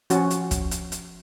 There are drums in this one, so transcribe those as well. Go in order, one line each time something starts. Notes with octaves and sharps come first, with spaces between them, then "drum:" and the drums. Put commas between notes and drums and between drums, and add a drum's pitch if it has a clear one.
F3 C#4 F#4, drum: hi-hat
drum: hi-hat
drum: kick, hi-hat
drum: hi-hat
drum: hi-hat